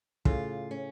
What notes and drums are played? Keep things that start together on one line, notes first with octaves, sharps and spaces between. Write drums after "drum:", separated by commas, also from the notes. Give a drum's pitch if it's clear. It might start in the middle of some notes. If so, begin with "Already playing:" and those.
A2 C#3 F4, drum: kick
C#4